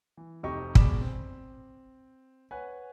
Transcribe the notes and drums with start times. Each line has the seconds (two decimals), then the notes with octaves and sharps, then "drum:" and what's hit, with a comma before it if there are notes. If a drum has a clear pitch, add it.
0.17 E3
0.43 F1 C3 D#4 G4 D#5 C#6
0.75 B2 G#3 D5 B5 D6 E7, drum: kick
1.01 C4
2.51 B4 C#5 F#5 G#5